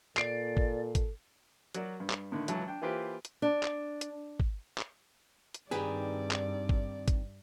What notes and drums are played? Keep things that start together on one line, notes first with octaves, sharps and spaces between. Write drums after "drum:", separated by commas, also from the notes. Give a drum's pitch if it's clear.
A#2 A4 D5 C7 D7, drum: clap
drum: kick
drum: kick, hi-hat
F#3 F#4 A#4 D5, drum: hi-hat
G2
drum: clap
A2 D3 D#3
C#2 E3 F#3 A5, drum: hi-hat
D4 G5
E3 A#3 F4 G4 B4 C5
drum: hi-hat
D4
drum: clap
drum: hi-hat
drum: kick
drum: clap
drum: hi-hat
G2 D#3 C4 G4 G#4 B4 D5
drum: clap
drum: kick
drum: kick, hi-hat